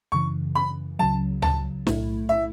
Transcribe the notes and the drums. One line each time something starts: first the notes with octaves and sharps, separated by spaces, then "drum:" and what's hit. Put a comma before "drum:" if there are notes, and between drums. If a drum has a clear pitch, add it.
F#2 C#3 E3 C#6
B5
C#2 C#3 F#3 A5
A5, drum: tom C#2
B1 A2 A3 E4, drum: snare
E5